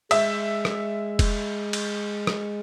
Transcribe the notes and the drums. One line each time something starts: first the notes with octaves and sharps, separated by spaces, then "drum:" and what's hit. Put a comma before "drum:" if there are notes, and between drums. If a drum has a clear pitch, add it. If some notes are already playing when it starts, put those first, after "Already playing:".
G#3 E5, drum: cymbal
drum: rim click
drum: kick F1, cymbal
drum: cymbal
drum: rim click